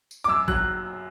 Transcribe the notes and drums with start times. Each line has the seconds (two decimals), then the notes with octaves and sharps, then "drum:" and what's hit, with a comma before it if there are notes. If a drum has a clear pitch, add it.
0.11 drum: tambourine
0.24 D6
0.28 F#2 E6
0.48 F#3 F#6, drum: kick G#1